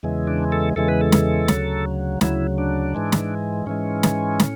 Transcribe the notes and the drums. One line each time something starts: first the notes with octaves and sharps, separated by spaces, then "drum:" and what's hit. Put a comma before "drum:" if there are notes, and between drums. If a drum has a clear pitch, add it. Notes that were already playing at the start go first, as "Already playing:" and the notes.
E2 C#3 E3 G#3
D4
A4
E2 C#3 E3 G#3 A4
B4
A4
drum: snare
D2 C#3 F#3, drum: snare
D2 C#3 F#3 E4, drum: snare
D4
G#2 E3 G#3
drum: snare
G#2 E3 G#3 C#4
drum: snare
A2, drum: snare